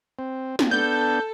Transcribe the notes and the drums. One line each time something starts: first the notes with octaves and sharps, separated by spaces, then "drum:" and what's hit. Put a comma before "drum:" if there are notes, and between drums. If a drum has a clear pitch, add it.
C4
drum: snare
B3 D4 A4 G6